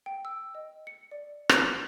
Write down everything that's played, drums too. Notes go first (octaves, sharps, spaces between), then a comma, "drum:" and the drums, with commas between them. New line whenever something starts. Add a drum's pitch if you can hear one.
G5
E6
D#5
C#7
D5
D6, drum: rim click